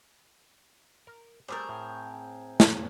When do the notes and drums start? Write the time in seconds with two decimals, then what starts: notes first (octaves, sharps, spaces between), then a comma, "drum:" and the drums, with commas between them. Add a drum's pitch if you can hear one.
1.07 A#4
1.48 G3 A3 C4 G#4 A#4
1.69 A2
2.60 drum: snare